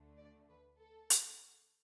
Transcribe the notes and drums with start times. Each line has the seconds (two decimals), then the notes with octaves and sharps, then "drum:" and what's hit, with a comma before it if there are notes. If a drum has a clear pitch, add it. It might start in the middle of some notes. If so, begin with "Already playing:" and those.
Already playing: D2 D3 A3
0.18 D5
0.49 B4
0.79 A4
1.10 drum: hi-hat